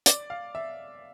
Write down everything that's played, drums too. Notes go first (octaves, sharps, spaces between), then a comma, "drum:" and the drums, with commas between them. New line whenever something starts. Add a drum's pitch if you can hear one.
D5, drum: hi-hat
F5
E5